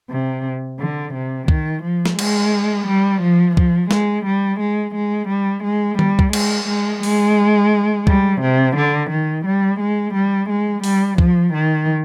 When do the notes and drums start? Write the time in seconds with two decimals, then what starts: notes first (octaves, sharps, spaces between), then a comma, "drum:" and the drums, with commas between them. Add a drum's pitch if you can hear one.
0.10 C3
0.79 D3
1.14 C3
1.48 D#3, drum: kick C2
1.84 F3
2.06 drum: snare
2.19 G#3, drum: cymbal
2.88 G3
3.22 F3
3.57 F3, drum: kick C2
3.91 G#3, drum: snare
4.26 G3
4.60 G#3
4.95 G#3
5.29 G3
5.64 G#3
5.99 G3, drum: tom D#3
6.19 drum: kick C2
6.33 G#3, drum: cymbal
6.68 G#3
7.03 G#3, drum: open hi-hat
8.07 G3, drum: kick C2
8.41 C3
8.76 D3
9.10 D#3
9.45 G3
9.80 G#3
10.14 G3
10.49 G#3
10.84 G3, drum: open hi-hat
11.18 F3, drum: kick C2
11.53 D#3